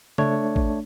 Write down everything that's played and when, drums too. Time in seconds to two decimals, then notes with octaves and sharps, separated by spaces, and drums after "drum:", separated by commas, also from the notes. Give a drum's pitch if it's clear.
0.18 A3 D4 C#5, drum: tom C#3
0.56 drum: kick